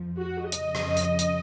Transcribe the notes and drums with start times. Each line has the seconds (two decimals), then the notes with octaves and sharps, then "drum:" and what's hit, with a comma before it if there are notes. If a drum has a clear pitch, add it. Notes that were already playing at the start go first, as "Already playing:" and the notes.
Already playing: F2 F3
0.19 F#4
0.52 F2 C#3 F3 D#5, drum: hi-hat
0.75 drum: rim click
0.97 drum: hi-hat
1.19 drum: hi-hat